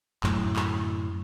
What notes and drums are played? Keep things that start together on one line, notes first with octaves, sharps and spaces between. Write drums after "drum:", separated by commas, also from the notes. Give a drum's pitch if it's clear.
F#2 A2 D3, drum: clap
drum: clap